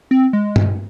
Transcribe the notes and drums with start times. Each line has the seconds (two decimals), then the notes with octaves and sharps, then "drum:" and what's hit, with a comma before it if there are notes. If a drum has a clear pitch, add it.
0.11 C4
0.33 G#3
0.56 drum: tom G2